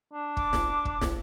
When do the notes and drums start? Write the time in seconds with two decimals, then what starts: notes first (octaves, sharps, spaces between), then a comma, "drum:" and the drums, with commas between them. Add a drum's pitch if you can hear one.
0.13 D4
0.37 D6, drum: kick
0.53 drum: snare
0.85 drum: kick
1.01 drum: snare